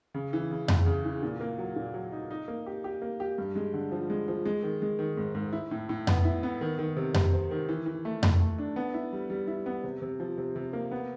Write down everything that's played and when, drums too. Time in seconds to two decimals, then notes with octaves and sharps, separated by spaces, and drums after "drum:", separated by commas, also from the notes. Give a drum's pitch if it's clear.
0.14 C#3
0.33 E3
0.51 C#3
0.68 E2, drum: tom F2
0.86 C#3
1.05 E3
1.23 A#2
1.41 A#3
1.58 F#3
1.76 A#2
1.94 F#3
2.12 D#4
2.31 D#4
2.48 A#3
2.66 G4
2.84 G4
3.02 A#3
3.20 G4
3.38 G2
3.56 G#3
3.74 D3
3.92 F3
4.10 G#3
4.28 F3
4.45 G#3
4.63 D#3
4.82 G#3
4.99 D#3
5.17 G#2
5.35 G#2
5.53 E4
5.71 A2
5.89 A2
6.07 B3, drum: tom F2
6.25 E4
6.43 B3
6.61 D#3
6.79 D#3
6.97 C3
7.14 C3, drum: tom F2
7.33 C4
7.51 D#3
7.69 E3
7.86 E3
8.05 A3
8.23 A3, drum: tom F2
8.40 A3
8.58 D4
8.76 B3
8.94 E4
9.13 G3
9.30 G3
9.47 E4
9.66 B3
9.84 C3
10.02 C3
10.20 F3
10.38 C3
10.56 C3
10.73 A#3
10.91 B3